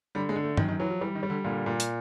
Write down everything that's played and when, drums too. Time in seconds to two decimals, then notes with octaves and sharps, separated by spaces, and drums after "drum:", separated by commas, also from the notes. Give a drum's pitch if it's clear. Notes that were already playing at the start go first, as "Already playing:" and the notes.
0.15 D3 G3
0.29 G#3
0.36 D3
0.43 A3
0.57 F#2 D#3, drum: tom G2
0.68 D#3
0.80 E3 F#3
0.90 F3
1.01 E3 G3
1.15 D#3
1.23 G3
1.30 D3
1.44 A#2 D3
1.66 A#2
1.80 drum: hi-hat